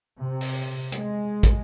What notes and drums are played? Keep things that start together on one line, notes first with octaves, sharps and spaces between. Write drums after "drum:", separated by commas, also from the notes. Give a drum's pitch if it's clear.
C3
drum: open hi-hat
G#3, drum: hi-hat
drum: kick, hi-hat